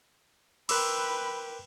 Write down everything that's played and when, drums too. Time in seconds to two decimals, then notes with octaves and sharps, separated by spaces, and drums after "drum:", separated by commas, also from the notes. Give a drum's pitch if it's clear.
0.69 A#4 B4 G5 B5 C6 D6 E6 F#6, drum: cymbal